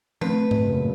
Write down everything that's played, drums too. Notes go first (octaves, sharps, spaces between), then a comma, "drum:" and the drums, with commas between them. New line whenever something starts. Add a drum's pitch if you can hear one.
A3 C4 B4, drum: tom F3
drum: tom G#2
F#1 A#2